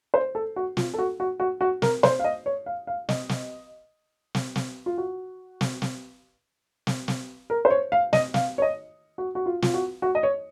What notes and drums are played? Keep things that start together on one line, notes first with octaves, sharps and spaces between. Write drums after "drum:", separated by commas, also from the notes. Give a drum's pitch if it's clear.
C5
A4
F#4
F4, drum: snare
A4
F#4
F#4
F#4
F#4
A#4, drum: snare
C5, drum: snare
F5
D#5
C#5
F5
F5
D#5, drum: snare
drum: snare
drum: snare
drum: snare
F4
F#4
drum: snare
drum: snare
drum: snare
drum: snare
A#4
C5
C#5
F5
D#5, drum: snare
F5, drum: snare
C#5
D#5
F#4
F#4
F4
F4, drum: snare
F#4
F#4
D#5
C#5